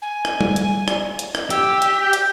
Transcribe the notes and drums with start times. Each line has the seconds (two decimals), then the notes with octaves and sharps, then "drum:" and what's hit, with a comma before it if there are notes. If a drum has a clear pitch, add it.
0.02 G#5
0.25 drum: rim click
0.41 drum: tom G3
0.56 drum: hi-hat
0.88 drum: rim click
1.19 drum: hi-hat
1.35 drum: rim click
1.50 G4 E6, drum: hi-hat
1.82 drum: hi-hat
2.02 G6
2.13 drum: hi-hat